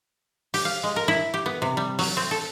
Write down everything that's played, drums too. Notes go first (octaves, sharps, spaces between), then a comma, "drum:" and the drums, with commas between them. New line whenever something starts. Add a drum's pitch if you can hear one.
G4, drum: open hi-hat
F5
G#3
A#4
E4
G4
B3
C3
G3
F#3, drum: open hi-hat
C4
A4